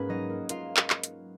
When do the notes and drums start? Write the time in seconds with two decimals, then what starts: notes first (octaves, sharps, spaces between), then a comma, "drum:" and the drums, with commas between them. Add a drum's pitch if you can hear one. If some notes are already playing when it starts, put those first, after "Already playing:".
Already playing: G#2 A#3 C#4 G#4 B4
0.09 F#3 D#4 D#5
0.30 A#3
0.49 A#3 F4 F5, drum: hi-hat
0.77 drum: clap
0.90 drum: clap
1.03 drum: hi-hat